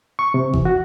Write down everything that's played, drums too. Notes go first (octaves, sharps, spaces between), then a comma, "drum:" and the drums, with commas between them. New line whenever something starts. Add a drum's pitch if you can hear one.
C#6
C3
E3, drum: kick G1
F#4